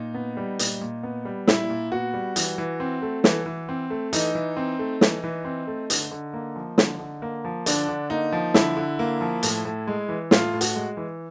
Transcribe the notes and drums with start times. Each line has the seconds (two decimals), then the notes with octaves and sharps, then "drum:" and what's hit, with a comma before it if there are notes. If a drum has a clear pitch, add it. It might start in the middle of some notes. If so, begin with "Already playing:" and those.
Already playing: A#2 D#4
0.14 B3
0.37 G3
0.59 A#2, drum: hi-hat
0.81 A#2
1.03 B3
1.25 G3
1.47 A#2 E4, drum: snare
1.70 A#2
1.92 B3 F#4
2.14 G3
2.36 E3, drum: hi-hat
2.58 E3
2.80 C4
3.02 A3
3.24 E3, drum: snare
3.46 E3
3.69 C4
3.90 A3
4.13 E3 D#4, drum: hi-hat
4.35 E3
4.57 C4
4.79 A3
5.01 E3, drum: snare
5.24 E3
5.45 C4
5.67 A3
5.90 D3, drum: hi-hat
6.11 D3
6.33 A#3
6.56 F3
6.78 D3, drum: snare
6.99 D3
7.22 A#3
7.45 F3
7.66 D3 D4, drum: hi-hat
7.88 D3
8.10 A#3 D#4
8.32 F3
8.54 D3 E4, drum: snare
8.77 D3
8.99 A#3
9.21 F3
9.43 A2, drum: hi-hat
9.65 A2
9.87 G#3
10.09 E3
10.31 A2 F4, drum: snare
10.53 A2
10.61 F#4, drum: hi-hat
10.76 G#3
10.97 E3